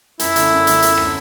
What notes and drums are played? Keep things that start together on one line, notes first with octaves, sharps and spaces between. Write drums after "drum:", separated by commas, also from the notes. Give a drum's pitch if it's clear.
F#2 E4, drum: hi-hat
D3 A3 C#4, drum: hi-hat
F#2
D3 A3 C#4, drum: hi-hat
F#2, drum: hi-hat
D3 A3 C#4, drum: rim click